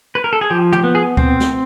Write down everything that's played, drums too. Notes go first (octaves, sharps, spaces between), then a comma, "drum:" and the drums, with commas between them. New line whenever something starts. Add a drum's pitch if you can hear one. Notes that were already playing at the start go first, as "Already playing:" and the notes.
B4
A#4
A4
G#4
F3 G4
G4, drum: tom
B3
G#4
C4, drum: kick D2
drum: snare